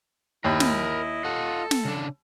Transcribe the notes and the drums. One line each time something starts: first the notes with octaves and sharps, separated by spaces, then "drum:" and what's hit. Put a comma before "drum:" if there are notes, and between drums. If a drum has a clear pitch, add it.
D#2 E4 A#4 D#5 B5
drum: snare
F4 A4 F#5
drum: snare
C#3 D4